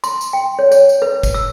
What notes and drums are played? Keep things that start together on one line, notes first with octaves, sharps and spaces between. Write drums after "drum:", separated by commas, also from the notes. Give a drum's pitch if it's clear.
C6, drum: tambourine
drum: tambourine
G5
C#5
C#5, drum: tambourine
drum: tambourine
B4
drum: kick G1, tambourine
E6